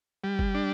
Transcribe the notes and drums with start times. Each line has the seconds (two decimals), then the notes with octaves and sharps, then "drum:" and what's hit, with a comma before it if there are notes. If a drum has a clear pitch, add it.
0.24 G3
0.39 drum: kick F#1
0.55 D4